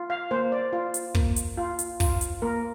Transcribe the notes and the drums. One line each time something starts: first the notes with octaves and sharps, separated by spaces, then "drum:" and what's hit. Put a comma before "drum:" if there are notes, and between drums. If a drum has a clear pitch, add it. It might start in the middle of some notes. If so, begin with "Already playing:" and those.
Already playing: F4
F5
A#3 C5
D5
F4
drum: hi-hat
A#3, drum: kick
drum: hi-hat
F4
drum: hi-hat
F4, drum: kick, open hi-hat
drum: hi-hat
A#3 A#4